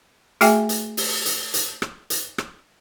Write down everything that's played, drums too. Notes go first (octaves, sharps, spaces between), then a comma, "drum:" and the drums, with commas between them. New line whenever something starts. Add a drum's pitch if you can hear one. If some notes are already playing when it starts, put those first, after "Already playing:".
A3 F#4 G#4 E5 G5 G#5, drum: hi-hat
drum: hi-hat
drum: open hi-hat
drum: hi-hat
drum: hi-hat
drum: rim click
drum: hi-hat
drum: rim click